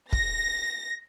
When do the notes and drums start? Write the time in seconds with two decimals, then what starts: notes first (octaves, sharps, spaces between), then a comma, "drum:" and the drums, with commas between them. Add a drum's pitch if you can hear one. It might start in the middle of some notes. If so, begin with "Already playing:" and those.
0.13 A#6, drum: kick